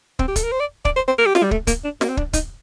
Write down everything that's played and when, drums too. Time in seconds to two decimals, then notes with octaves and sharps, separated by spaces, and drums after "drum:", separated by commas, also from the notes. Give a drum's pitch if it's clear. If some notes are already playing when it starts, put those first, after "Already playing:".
0.19 C4, drum: kick
0.28 G4
0.36 A4, drum: kick, hi-hat
0.44 A#4
0.52 C5
0.60 D5
0.85 D5, drum: kick
0.96 C5
1.08 C5
1.18 A#4
1.26 G4
1.35 F4, drum: snare
1.43 G3
1.51 A3, drum: kick
1.67 A#3, drum: kick, hi-hat
1.84 D4
2.01 A#3, drum: snare
2.09 C4
2.17 D4, drum: kick
2.33 D#4, drum: kick, hi-hat